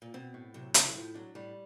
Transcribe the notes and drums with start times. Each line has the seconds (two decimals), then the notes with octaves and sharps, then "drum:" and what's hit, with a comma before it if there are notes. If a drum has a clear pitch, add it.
0.02 A#2
0.14 B2 C4
0.34 A2
0.54 C3 F#3
0.74 C#3 A3, drum: hi-hat
0.85 E3
0.94 A2 F3
1.15 F#3 D4
1.35 A2 G3